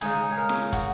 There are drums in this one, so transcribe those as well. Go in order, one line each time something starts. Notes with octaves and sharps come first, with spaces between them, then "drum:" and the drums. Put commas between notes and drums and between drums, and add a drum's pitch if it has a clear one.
C#3 G#3 D#4 G#5, drum: hi-hat
G#4
A#4
drum: snare
F#4, drum: kick, hi-hat